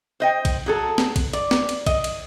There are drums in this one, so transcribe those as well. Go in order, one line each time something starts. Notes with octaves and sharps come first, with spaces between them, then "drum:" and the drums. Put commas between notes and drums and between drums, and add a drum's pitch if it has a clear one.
C5 D#5 G5
drum: kick A#1, cymbal
F#3 G#4 A4
drum: snare
drum: kick A#1, cymbal
D5, drum: cymbal
drum: snare
drum: cymbal
D#5, drum: kick A#1, cymbal
drum: cymbal